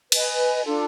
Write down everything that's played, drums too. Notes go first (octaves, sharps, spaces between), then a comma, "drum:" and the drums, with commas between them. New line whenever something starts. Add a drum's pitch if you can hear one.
B4 D#5 G#5, drum: cymbal
D4 F4 A4